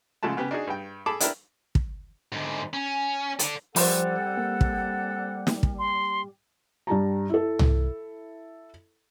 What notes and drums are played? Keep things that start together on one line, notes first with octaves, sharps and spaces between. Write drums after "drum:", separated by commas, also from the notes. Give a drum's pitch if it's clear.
G#2 C#3 F3 G#3 A3 A5
C#3 B3 G4
D4 D#4 F#4 G#4
G2 G5
G#4 A4 A5 B5 D6
D4 E4 G4 A#4 B4, drum: hi-hat
drum: kick
G#2 D3
C#4
A4 D5, drum: hi-hat
F3 G3 C4 A4 C5 F#5, drum: open hi-hat
A#3
drum: kick
drum: snare
drum: kick
C6
G2 G4 A5 A#5
E4 A4
drum: tom